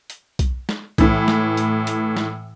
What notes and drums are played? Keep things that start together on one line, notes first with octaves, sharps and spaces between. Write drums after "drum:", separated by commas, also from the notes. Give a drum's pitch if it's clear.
drum: hi-hat
drum: kick B1, hi-hat
drum: snare
A2 E3, drum: kick B1, hi-hat
drum: snare
drum: hi-hat
drum: hi-hat
drum: snare